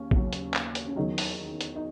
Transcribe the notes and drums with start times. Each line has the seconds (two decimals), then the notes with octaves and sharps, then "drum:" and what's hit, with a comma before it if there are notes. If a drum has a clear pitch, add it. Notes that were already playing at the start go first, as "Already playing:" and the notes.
Already playing: D#2 C#3 C#4
0.11 D#2 C#3 F#3, drum: kick
0.33 drum: hi-hat
0.54 drum: clap
0.75 drum: hi-hat
0.87 C#4
0.96 E2 D#3 F#3 D#4
1.18 drum: open hi-hat
1.61 drum: hi-hat
1.76 D#4